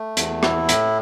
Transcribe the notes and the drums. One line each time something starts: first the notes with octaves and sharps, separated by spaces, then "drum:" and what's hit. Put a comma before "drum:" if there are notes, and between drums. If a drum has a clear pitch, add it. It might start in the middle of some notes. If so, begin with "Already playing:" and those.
Already playing: A3
E2, drum: hi-hat
E4, drum: rim click
A2, drum: hi-hat